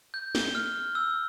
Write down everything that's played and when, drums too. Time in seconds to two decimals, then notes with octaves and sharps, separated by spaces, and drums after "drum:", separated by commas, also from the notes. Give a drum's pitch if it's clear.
0.14 G6
0.35 G7, drum: snare
0.55 F6
0.95 E6